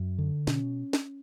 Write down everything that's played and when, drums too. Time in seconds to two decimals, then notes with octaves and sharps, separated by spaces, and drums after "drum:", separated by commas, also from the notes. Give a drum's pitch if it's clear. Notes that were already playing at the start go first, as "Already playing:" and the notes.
Already playing: F#2
0.18 D3
0.47 B2 C#4, drum: snare
0.93 drum: snare